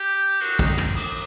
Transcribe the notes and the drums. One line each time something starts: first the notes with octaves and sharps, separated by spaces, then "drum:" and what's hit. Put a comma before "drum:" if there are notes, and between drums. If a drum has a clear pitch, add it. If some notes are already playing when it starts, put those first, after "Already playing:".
Already playing: G4
F#4, drum: cymbal
D#4, drum: kick, cymbal
drum: tom
drum: cymbal